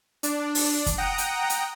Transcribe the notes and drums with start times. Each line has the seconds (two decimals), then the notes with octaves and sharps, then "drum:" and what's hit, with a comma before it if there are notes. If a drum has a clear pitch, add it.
0.23 D4, drum: hi-hat
0.55 drum: open hi-hat
0.86 drum: kick, hi-hat
0.98 F#5 G5 A#5 D#6
1.18 drum: hi-hat
1.50 drum: hi-hat